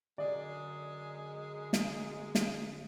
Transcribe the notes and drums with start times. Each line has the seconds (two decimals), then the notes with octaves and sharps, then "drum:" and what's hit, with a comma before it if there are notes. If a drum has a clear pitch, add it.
0.18 F#2 D3 G#3 D5
1.73 drum: snare
2.35 drum: snare